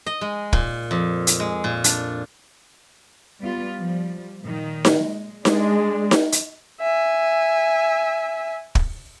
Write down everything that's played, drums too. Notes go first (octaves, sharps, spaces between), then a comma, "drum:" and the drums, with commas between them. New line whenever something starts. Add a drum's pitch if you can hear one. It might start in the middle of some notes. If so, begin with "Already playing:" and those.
D#5
G#3
A#2, drum: kick
F2
drum: hi-hat
G#3
A#2
D4, drum: hi-hat
G3 B3 F4
F3 G3
A#2 D#3
drum: snare D#4
G#3
G#3 D4, drum: snare D#4
drum: snare D#4
drum: hi-hat
E5 G#5
drum: kick